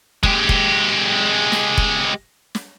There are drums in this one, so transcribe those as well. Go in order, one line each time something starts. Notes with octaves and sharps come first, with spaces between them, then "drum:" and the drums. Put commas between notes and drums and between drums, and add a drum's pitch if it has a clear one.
G#3 G4, drum: kick
drum: kick
drum: snare
drum: kick
drum: snare